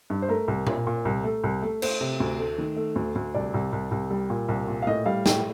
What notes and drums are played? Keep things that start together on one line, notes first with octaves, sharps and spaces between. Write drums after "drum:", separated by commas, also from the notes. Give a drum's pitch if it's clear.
G2
C5
A3 A#4
C2
A#2, drum: tom A#2
A#2
C2
A3
C2
A3
A3 C5, drum: cymbal
C3
D2
A3
D#3
A3
D2
D2
C2 D5
C2
C2
C2
G3
A#2
C2
A#2
F5
A2 D#5
G3 F5
A2 G5, drum: snare